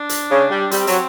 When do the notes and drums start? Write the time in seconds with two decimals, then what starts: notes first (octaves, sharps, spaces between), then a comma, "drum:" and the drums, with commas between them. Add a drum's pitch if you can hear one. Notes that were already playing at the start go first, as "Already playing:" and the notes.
Already playing: D4
0.09 drum: hi-hat
0.30 C#3
0.51 G3
0.71 G3 C4, drum: hi-hat
0.87 F#3, drum: hi-hat